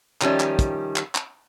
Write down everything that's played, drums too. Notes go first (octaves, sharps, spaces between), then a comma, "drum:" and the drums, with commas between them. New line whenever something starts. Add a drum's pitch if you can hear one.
D#3 F3 G3 C#4 E5, drum: clap
drum: clap
drum: kick, hi-hat
drum: clap
drum: clap